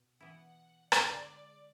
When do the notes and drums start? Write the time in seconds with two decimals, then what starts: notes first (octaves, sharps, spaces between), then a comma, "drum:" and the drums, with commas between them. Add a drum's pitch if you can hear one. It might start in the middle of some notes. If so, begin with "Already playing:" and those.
Already playing: B2
0.20 E3 B3 E4 F#5
0.92 D3 G#3 B3 D5, drum: rim click